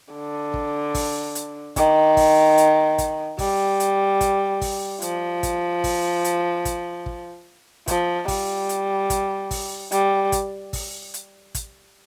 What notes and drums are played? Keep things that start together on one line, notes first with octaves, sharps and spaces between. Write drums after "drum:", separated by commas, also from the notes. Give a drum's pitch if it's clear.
D3
drum: kick
drum: kick, open hi-hat
drum: hi-hat
D#3, drum: kick, hi-hat
drum: kick, open hi-hat
drum: hi-hat
drum: kick, hi-hat
G3, drum: kick, open hi-hat
drum: hi-hat
drum: kick, hi-hat
drum: kick, open hi-hat
F3, drum: hi-hat
drum: kick, hi-hat
drum: kick, open hi-hat
drum: hi-hat
drum: kick, hi-hat
drum: kick
F3, drum: kick, hi-hat
G3, drum: kick, open hi-hat
drum: hi-hat
drum: kick, hi-hat
drum: kick, open hi-hat
G3, drum: hi-hat
drum: kick, hi-hat
drum: kick, open hi-hat
drum: hi-hat
drum: kick, hi-hat